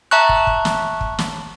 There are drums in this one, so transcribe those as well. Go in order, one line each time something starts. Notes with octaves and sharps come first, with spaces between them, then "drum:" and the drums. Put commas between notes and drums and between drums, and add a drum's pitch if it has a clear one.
E5 A5 A#5 C#6 F#6
drum: kick
drum: kick
drum: snare
drum: kick
drum: snare